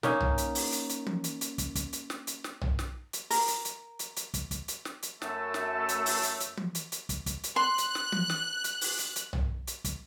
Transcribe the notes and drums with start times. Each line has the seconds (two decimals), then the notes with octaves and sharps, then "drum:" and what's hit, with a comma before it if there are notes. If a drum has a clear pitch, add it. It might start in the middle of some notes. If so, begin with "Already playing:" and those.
0.03 A#3 C#4 D#4, drum: snare
0.20 drum: tom B1
0.38 drum: hi-hat
0.55 drum: open hi-hat
0.72 drum: hi-hat
0.89 drum: hi-hat
1.07 drum: tom
1.24 drum: hi-hat
1.41 drum: hi-hat
1.58 drum: kick, hi-hat
1.75 drum: kick, hi-hat
1.93 drum: hi-hat
2.10 drum: snare
2.27 drum: hi-hat
2.44 drum: snare
2.61 drum: tom B1
2.79 drum: snare
3.13 drum: hi-hat
3.30 A#4, drum: open hi-hat
3.48 drum: hi-hat
3.65 drum: hi-hat
3.99 drum: hi-hat
4.16 drum: hi-hat
4.34 drum: kick, hi-hat
4.51 drum: kick, hi-hat
4.68 drum: hi-hat
4.85 drum: snare
5.02 drum: hi-hat
5.22 F#2 A3 A5 E6, drum: snare
5.54 drum: snare
5.89 drum: hi-hat
6.06 drum: open hi-hat
6.23 drum: hi-hat
6.40 drum: hi-hat
6.57 drum: tom
6.75 drum: hi-hat
6.92 drum: hi-hat
7.09 drum: kick, hi-hat
7.26 drum: kick, hi-hat
7.43 drum: hi-hat
7.56 C6 F#6
7.78 drum: hi-hat
7.95 drum: snare
8.12 drum: tom
8.30 drum: snare
8.64 drum: hi-hat
8.81 drum: open hi-hat
8.98 drum: hi-hat
9.16 drum: hi-hat
9.33 drum: tom B1
9.67 drum: hi-hat
9.84 drum: kick, hi-hat